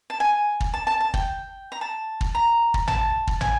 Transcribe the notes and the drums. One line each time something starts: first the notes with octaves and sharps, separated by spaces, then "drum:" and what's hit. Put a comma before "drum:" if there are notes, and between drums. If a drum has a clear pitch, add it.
A5
G#5
drum: kick
A5
A5
A5
G5, drum: kick
A#5
A5
drum: kick
A#5
drum: kick
A5, drum: tom
drum: kick
G#5, drum: tom